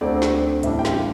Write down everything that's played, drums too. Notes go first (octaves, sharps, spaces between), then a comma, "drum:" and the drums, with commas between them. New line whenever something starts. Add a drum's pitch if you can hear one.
D2 D3 A3 C4 D5
drum: snare
A1 A2 E3 G3 D4 E5, drum: hi-hat
G5
F5, drum: snare